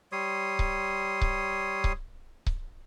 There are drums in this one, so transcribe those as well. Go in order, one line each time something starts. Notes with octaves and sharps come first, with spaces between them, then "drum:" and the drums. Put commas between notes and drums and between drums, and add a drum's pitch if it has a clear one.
G3 C#5 C6 D#6
drum: kick C#1
drum: kick C#1
drum: kick C#1
drum: kick C#1